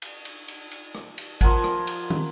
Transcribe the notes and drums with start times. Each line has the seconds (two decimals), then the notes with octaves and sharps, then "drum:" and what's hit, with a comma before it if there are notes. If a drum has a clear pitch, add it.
0.02 drum: cymbal
0.25 drum: cymbal
0.48 drum: cymbal
0.71 drum: cymbal
0.95 drum: rim click
1.18 drum: cymbal
1.41 F3 A#4 F#5 G#5, drum: kick G#1, cymbal
1.64 drum: rim click
1.87 drum: cymbal
2.10 drum: tom